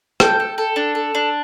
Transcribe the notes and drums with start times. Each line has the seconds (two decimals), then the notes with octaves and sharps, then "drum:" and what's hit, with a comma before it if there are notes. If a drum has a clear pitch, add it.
0.20 A4 G5, drum: rim click
0.40 A4
0.58 A4
0.76 D4
0.95 A4
1.15 D4